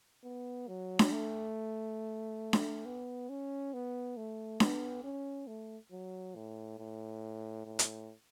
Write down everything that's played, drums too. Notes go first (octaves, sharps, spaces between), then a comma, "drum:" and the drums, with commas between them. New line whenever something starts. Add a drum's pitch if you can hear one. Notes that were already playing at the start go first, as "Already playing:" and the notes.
B3
F#3
drum: snare D4
A3
drum: snare D4
B3
C#4
B3
A3
B3, drum: snare D4
C#4
A3
F#3
A2
A2
A2
drum: hi-hat